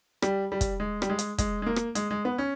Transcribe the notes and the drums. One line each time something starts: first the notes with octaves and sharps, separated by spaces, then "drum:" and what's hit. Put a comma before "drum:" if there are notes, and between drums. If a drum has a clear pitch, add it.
G3, drum: rim click
G3
drum: kick, hi-hat
G#3
G3, drum: rim click
G#3
drum: hi-hat
G#3, drum: kick, hi-hat
G#3
A#3
drum: rim click
G#3, drum: hi-hat
G#3
B3
C#4